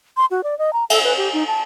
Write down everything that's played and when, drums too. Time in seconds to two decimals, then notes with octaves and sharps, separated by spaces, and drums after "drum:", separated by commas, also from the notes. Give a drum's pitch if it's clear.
0.17 C6
0.31 F#4
0.44 D5
0.59 D#5
0.73 A#5
0.90 A4, drum: cymbal
1.04 B4
1.17 G4
1.33 D#4
1.47 A5